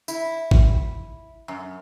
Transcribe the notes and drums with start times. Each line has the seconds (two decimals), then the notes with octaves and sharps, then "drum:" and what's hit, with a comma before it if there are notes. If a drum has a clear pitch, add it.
0.08 E4, drum: tambourine
0.51 drum: kick
1.48 F#2